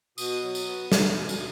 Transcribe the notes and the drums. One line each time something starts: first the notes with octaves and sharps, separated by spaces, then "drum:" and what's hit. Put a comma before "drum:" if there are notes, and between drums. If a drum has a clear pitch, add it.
B2 D#6, drum: tambourine
F#3
drum: tambourine
B3
B2, drum: snare
B2
drum: tambourine